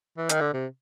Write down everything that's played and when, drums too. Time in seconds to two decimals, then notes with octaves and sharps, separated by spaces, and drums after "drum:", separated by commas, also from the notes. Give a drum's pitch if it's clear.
0.18 E3
0.29 D#3, drum: hi-hat
0.41 D3
0.54 C3